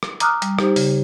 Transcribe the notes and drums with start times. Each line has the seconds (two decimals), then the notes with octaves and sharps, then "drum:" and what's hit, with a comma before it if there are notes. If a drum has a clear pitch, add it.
0.03 drum: rim click
0.20 A#5 D6 D#6 F6 F#6, drum: hi-hat
0.42 G3, drum: hi-hat
0.59 D#4 G4 C5, drum: rim click
0.76 C#3 G4, drum: open hi-hat